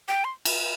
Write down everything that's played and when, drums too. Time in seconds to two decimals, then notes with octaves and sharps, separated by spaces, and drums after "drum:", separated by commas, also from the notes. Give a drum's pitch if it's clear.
0.08 G5
0.24 C6
0.45 drum: cymbal